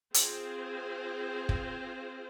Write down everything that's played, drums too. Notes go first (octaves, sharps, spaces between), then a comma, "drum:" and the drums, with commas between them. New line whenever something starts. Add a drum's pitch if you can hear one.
C4 F4 G#4 C5, drum: hi-hat
drum: kick